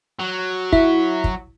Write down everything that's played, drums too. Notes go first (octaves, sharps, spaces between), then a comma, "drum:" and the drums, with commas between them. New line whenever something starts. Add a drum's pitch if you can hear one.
F#3
E4, drum: kick
drum: kick